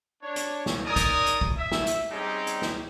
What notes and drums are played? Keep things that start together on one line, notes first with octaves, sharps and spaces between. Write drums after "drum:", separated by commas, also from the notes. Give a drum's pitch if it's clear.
D4 C#5
drum: hi-hat
drum: snare
D#4 A#4 D5 G#5 D#6
drum: kick, hi-hat
drum: hi-hat
drum: kick
E5
drum: snare
drum: hi-hat
G3 C4 C#4 D#4 G4 G#4
drum: hi-hat
drum: snare